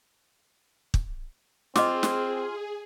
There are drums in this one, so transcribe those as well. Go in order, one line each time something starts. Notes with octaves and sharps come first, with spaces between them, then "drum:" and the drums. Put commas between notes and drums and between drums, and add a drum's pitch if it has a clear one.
drum: kick
C4 F4 G#4 D#5 D6, drum: snare
drum: snare